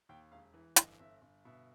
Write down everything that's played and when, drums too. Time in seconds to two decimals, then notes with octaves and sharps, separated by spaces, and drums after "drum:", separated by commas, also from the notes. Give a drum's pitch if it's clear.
0.09 D#2 G5
0.32 E1 F5
0.54 E3
0.76 G1 D#5, drum: hi-hat
0.99 G1 E5
1.21 G1
1.45 B2 E5